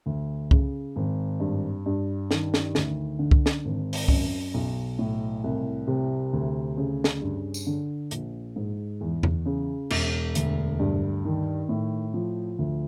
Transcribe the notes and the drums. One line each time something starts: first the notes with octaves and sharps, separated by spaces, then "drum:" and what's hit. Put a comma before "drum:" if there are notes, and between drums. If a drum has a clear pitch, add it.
D2
C#3, drum: kick C2
G#1
G2
G2
D#3, drum: snare
drum: snare
D2, drum: snare
D3
drum: kick C2
drum: snare
G#1
drum: open hi-hat
F#2, drum: kick C2
B1
A2
C2
C3
D2
C#3
drum: snare
G2
drum: tambourine
D3
A#1, drum: hi-hat
G#2
E2
drum: tom
C#3
E1, drum: cymbal
D2, drum: hi-hat
G2
D#3
A2
F3
D2